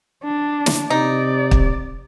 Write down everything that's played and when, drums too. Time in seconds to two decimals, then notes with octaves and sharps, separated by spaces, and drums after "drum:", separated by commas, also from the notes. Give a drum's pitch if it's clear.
0.24 D4
0.66 drum: snare
0.90 C3 D#4 D5
1.51 drum: kick